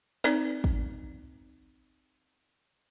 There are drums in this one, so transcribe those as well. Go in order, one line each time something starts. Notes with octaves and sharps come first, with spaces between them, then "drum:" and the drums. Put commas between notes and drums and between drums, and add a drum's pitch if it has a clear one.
C4 D#4 B4 D5, drum: snare
drum: kick